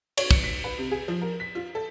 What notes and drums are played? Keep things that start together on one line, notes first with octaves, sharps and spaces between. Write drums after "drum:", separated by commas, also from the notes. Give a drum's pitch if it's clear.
C#5, drum: cymbal
C#7, drum: kick
B6
B4
C3
G#4
F3
A#4
B6
F4
A4